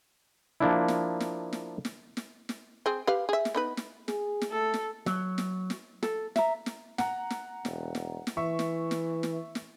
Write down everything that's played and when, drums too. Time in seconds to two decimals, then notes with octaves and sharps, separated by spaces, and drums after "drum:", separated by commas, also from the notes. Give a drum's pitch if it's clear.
0.60 F3 A#3 D4 E4
0.88 drum: snare
1.20 drum: snare
1.53 drum: snare
1.85 drum: snare
2.17 drum: snare
2.49 drum: snare
2.86 C4 G#4
3.07 G4 B4 F5
3.29 G#4 E5
3.45 drum: snare
3.55 B3 D#4 B4
3.77 drum: snare
4.08 G#4, drum: snare
4.41 drum: snare
4.51 A3 A4
4.74 drum: snare
5.06 F#3, drum: snare
5.38 drum: snare
5.70 drum: snare
6.03 A4, drum: snare
6.36 E5 A#5, drum: snare
6.66 drum: snare
6.98 F#5 A#5, drum: snare
7.30 drum: snare
7.65 E1, drum: snare
7.95 drum: snare
8.27 drum: snare
8.37 E3 E5 C#6
8.59 drum: snare
8.91 drum: snare
9.23 drum: snare
9.55 drum: snare